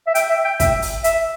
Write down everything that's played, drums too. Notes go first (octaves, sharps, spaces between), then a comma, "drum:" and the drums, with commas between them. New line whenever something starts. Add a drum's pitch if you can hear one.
E5
G5, drum: hi-hat
E5
G5
E5, drum: kick, hi-hat
drum: open hi-hat
E5, drum: hi-hat